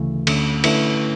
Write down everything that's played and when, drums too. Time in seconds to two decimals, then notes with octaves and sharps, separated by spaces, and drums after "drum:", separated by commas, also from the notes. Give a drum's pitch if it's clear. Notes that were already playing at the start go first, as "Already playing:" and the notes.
Already playing: D2 C#3 E3 A3
0.27 D2 D3 A3 C#4, drum: cymbal
0.64 D3 A3 C#4 E4 B4, drum: cymbal